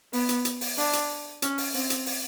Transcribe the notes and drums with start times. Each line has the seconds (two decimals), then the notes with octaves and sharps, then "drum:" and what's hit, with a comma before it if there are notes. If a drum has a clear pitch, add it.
0.13 B3, drum: open hi-hat
0.29 drum: hi-hat
0.45 drum: hi-hat
0.61 drum: open hi-hat
0.78 D4, drum: open hi-hat
0.93 drum: hi-hat
1.42 C#4, drum: hi-hat
1.58 drum: open hi-hat
1.74 C4, drum: open hi-hat
1.90 drum: hi-hat
2.06 drum: open hi-hat